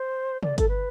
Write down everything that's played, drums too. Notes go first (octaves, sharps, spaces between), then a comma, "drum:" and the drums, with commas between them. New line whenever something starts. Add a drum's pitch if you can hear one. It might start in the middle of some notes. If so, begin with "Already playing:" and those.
Already playing: C5
D5, drum: tom C3
A4, drum: kick G1, hi-hat
B4